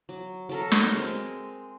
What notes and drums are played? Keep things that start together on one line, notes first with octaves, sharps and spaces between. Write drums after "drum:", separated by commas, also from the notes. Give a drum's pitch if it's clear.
F#3
F#3 A4 A#4
drum: snare
G#3 C4